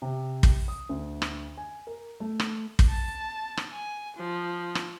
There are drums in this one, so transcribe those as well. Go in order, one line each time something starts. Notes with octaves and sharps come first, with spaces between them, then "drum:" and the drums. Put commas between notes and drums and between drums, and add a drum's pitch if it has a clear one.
C3
drum: kick
D#6
D2
drum: rim click
G#5
A#4
A3
drum: rim click
drum: kick
A5
drum: rim click
G#5
F3
drum: rim click